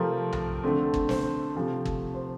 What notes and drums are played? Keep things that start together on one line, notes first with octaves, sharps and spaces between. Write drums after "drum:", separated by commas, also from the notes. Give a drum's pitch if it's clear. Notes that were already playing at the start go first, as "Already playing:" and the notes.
Already playing: C3 F3 A3 C4 A#4
drum: tom B1
D3 A3 C4
drum: kick G1
C5, drum: snare
C3 F3 A3
drum: kick G1
C5